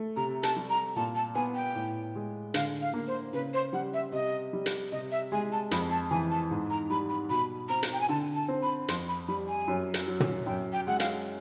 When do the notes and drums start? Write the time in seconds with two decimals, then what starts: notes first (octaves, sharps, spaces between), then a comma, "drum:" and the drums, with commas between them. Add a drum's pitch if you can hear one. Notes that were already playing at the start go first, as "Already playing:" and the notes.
Already playing: A3
0.16 C3 A#5
0.43 A5, drum: hi-hat
0.57 G3
0.70 A#5
0.96 A#2 A5
1.16 A5
1.35 B3 G#5
1.55 G5
1.75 A2
2.16 G#3
2.54 D3 F5, drum: hi-hat
2.82 F5
2.94 A#3
3.07 C5
3.33 C#3 B4
3.54 C5
3.73 G3 F#5
3.94 E5
4.12 C3 D#5
4.53 G3
4.66 drum: hi-hat
4.92 C3 D#5
5.12 E5
5.32 G#3 G#5
5.52 A5
5.71 F2 B5, drum: hi-hat
5.91 A5
6.10 E3 G#5
6.31 A5
6.51 G#2
6.70 A#5
6.90 G3 B5
7.09 B5
7.30 B2 B5
7.69 C4 A#5
7.83 drum: hi-hat
7.93 G5
8.01 G#5
8.09 D3 A5
8.36 A5
8.48 C4
8.62 B5
8.88 F2 C6, drum: hi-hat
9.09 B5
9.28 G3 B5
9.48 G#5
9.68 F#2
9.94 drum: hi-hat
10.07 F#3
10.20 drum: tom
10.46 F#2 G5
10.73 G5
10.87 G#3 F#5
11.00 F5, drum: hi-hat